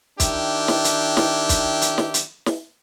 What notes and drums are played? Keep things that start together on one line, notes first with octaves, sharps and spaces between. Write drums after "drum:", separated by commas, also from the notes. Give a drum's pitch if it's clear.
D#3 D4 E4 G4, drum: kick, hi-hat
drum: snare
drum: hi-hat
drum: snare
drum: kick, hi-hat
drum: hi-hat
drum: snare
drum: hi-hat
drum: snare